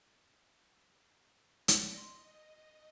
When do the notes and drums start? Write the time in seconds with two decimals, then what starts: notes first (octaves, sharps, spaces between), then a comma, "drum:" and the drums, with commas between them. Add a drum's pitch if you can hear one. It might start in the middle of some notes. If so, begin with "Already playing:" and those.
1.68 drum: hi-hat
1.94 D5 D#5 C6